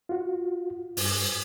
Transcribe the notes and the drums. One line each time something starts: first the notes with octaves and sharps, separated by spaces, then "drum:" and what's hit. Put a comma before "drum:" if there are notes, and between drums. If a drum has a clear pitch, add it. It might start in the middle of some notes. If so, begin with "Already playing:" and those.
F4 F#4
G2, drum: open hi-hat